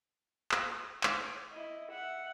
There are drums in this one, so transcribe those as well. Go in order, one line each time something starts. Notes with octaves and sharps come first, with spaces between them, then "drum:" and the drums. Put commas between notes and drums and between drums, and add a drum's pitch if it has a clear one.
drum: clap
drum: clap
E4 D#5
E5 F#5